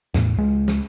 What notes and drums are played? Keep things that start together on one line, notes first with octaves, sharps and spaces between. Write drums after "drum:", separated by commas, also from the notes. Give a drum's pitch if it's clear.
E2 A2, drum: snare
C#2 G#3
drum: snare